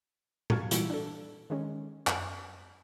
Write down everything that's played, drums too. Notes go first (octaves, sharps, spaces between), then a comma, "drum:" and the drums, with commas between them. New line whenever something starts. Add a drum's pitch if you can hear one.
F5 A5 C#6 G#6, drum: tom A#2
A#2 E3 G3 F#4 E5 D7, drum: hi-hat
D4 A4
D#3 G#3 C#4
F#2, drum: clap